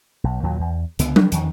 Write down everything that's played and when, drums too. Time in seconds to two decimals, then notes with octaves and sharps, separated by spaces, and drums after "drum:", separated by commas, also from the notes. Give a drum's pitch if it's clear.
0.24 B1
0.43 D#2 A#2 F#3
0.60 E2
0.99 C#2 D3 B3, drum: hi-hat
1.16 G3 B3 D4, drum: tom F#3
1.32 E2 D#3, drum: hi-hat